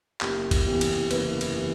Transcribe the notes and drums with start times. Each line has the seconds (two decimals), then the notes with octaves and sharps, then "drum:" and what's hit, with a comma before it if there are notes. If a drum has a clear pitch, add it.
0.21 F#1 G4, drum: clap
0.51 drum: kick, cymbal
0.66 E2 C3 E3 G4
0.81 drum: cymbal
1.11 F#1 B4, drum: cymbal
1.41 drum: cymbal
1.56 C3 E3